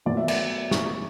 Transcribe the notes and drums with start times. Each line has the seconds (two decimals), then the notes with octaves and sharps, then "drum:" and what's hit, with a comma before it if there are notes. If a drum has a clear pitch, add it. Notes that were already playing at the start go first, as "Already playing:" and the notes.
0.06 B2 F#3 A3 D5
0.17 E5
0.28 D5, drum: cymbal
0.71 C#6, drum: snare